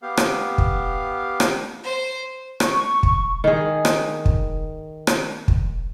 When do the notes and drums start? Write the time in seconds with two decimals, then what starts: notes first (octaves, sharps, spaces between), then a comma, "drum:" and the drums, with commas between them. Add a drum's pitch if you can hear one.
0.02 B3 G4 F5
0.17 drum: rim click
0.58 drum: kick
1.40 drum: rim click
1.84 C5
2.60 C#6, drum: rim click
3.03 drum: kick
3.44 D#3 G#4
3.85 drum: rim click
4.26 drum: kick
5.07 drum: rim click
5.48 drum: kick